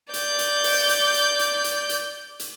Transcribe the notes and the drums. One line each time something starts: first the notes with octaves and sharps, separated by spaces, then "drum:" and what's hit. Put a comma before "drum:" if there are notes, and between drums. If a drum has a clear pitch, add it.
D5 G6, drum: hi-hat
drum: hi-hat
drum: open hi-hat
drum: hi-hat
drum: hi-hat
drum: hi-hat
drum: hi-hat
drum: hi-hat
drum: hi-hat